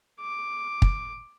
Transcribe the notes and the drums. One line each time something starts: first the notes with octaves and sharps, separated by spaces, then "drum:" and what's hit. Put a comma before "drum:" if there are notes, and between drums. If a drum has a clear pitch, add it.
D6
drum: kick